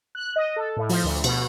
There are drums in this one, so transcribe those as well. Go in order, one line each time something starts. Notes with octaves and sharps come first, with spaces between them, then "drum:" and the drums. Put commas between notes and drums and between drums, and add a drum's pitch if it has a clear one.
F#6
D#5
A4
A2
F3, drum: open hi-hat
D2
B2, drum: cymbal